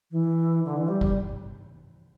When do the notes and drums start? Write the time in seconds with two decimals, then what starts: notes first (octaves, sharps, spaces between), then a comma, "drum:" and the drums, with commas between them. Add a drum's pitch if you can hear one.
0.11 E3
0.65 D3
0.77 E3
0.88 G3
1.01 G3, drum: kick